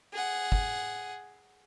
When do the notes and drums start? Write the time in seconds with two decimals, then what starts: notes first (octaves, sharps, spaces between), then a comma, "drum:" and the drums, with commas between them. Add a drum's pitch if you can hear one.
0.13 G#4 F#5
0.52 drum: kick